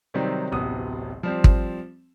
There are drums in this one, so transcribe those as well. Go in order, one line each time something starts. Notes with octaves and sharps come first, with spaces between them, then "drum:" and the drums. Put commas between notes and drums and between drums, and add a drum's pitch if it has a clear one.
C3 D#3 F#3 G3 C4 D#4
D1 A1 C3 B3 F#4 D#6
F3 G3 C4
drum: kick